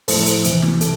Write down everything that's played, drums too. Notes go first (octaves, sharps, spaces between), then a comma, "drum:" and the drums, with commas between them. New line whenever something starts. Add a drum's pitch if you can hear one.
A2 F3 A3 E4 A4 C5, drum: open hi-hat
drum: hi-hat
C2 C3 E3, drum: hi-hat
drum: snare
C3 A4, drum: hi-hat